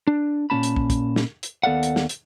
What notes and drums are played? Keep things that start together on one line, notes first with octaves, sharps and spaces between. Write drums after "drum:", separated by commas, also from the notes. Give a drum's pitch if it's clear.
D4
A#2 B3 C#4 A5 B5
drum: hi-hat
drum: kick
drum: kick, hi-hat
drum: snare
drum: hi-hat
D#2 B3 A4 D5 F5 F#5
drum: hi-hat
drum: snare
drum: hi-hat